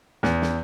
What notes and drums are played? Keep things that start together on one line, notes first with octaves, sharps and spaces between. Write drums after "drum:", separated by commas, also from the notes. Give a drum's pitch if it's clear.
E2, drum: snare
drum: snare